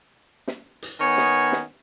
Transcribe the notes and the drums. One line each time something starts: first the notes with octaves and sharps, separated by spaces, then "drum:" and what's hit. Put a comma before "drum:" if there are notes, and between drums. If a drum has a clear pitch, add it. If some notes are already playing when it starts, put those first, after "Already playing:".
drum: snare
drum: hi-hat
D#3 B3 C#5 G#5
drum: snare
drum: snare